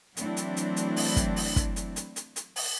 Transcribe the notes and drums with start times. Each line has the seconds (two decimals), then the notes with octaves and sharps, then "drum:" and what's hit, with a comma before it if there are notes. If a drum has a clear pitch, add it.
0.17 E3 F#3 A3 C4 D4 E4, drum: hi-hat
0.37 drum: hi-hat
0.57 drum: hi-hat
0.76 drum: hi-hat
0.96 drum: open hi-hat
1.16 drum: kick, hi-hat
1.36 drum: open hi-hat
1.56 drum: kick, hi-hat
1.76 drum: hi-hat
1.96 drum: hi-hat
2.16 drum: hi-hat
2.36 drum: hi-hat
2.56 drum: open hi-hat